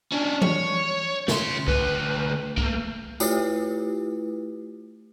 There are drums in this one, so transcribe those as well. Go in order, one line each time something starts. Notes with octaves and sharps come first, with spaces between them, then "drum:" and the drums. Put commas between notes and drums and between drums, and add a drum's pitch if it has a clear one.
C#4 D4
C#5, drum: tom E3
C#3 C6, drum: snare
D2 B4, drum: kick C2
A3 A#3, drum: kick C2
A3 E4 F4 G4 B4, drum: tambourine